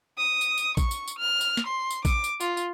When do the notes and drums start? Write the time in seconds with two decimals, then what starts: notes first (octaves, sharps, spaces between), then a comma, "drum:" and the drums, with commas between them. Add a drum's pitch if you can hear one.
0.18 D#6
0.41 drum: tambourine
0.58 drum: tambourine
0.77 C#6, drum: kick A#1, tambourine
0.91 drum: tambourine
1.08 drum: tambourine
1.19 F6
1.41 drum: tambourine
1.57 drum: snare
1.67 C6
1.91 drum: tambourine
2.05 D6, drum: kick A#1, tambourine
2.24 drum: tambourine
2.40 F4, drum: tambourine
2.57 drum: tambourine